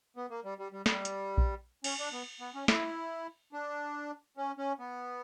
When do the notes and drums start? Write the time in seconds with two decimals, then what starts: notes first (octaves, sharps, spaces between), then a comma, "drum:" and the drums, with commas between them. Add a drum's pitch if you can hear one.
0.16 B3
0.30 A#3
0.44 G3
0.58 G3
0.72 G3
0.86 G3, drum: snare
1.05 drum: hi-hat
1.38 drum: kick A#1
1.84 C#4, drum: cymbal
1.99 D4
2.13 B3
2.40 B3
2.55 C#4
2.68 E4, drum: snare
3.52 D4
4.37 C#4
4.58 C#4
4.79 B3